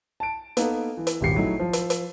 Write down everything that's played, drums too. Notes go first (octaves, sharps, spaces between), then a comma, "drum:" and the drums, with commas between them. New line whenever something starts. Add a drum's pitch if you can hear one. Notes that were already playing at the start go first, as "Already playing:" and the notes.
A5 D7
A#3 B3 D#4 A4, drum: hi-hat
E3
drum: hi-hat
D#1 G#1 G4 C7 C#7
F#3 A3 D#4 E4
F3
drum: hi-hat
drum: hi-hat